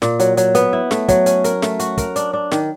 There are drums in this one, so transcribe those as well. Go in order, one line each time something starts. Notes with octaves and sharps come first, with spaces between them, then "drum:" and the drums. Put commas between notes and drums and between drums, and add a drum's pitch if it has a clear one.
A#2, drum: snare
F#3, drum: hi-hat
F#3, drum: hi-hat
B3, drum: hi-hat
E4
A3, drum: snare
F#3, drum: kick, hi-hat
C#4, drum: hi-hat
A#4, drum: hi-hat
A3, drum: snare
F#4, drum: hi-hat
A#4, drum: kick, hi-hat
D4, drum: hi-hat
D4
D#3, drum: snare